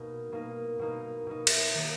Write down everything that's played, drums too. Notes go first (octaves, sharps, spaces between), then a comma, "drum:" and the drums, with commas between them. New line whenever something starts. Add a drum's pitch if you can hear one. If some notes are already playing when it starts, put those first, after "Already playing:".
Already playing: B2 A#3 D#4
B2 A#3 D#4
B2 A#3 D#4
B2 A#3 D#4
drum: cymbal
D#3 A#3 D#4